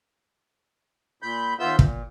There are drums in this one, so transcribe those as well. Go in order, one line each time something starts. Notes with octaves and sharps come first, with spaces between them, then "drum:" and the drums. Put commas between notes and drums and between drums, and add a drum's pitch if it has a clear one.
A#2 B5 G6
D#2 B3 F4 E5 E6 G6
A#2, drum: kick